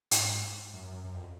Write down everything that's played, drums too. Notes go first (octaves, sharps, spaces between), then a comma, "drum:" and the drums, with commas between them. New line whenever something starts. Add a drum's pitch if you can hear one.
G#2, drum: hi-hat
F#2
F#2
F2